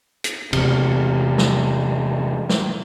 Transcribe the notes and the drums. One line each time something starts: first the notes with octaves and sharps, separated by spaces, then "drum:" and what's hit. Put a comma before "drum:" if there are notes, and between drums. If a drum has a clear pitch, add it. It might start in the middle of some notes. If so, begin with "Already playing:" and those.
drum: hi-hat
E2 C3, drum: cymbal
drum: snare
drum: snare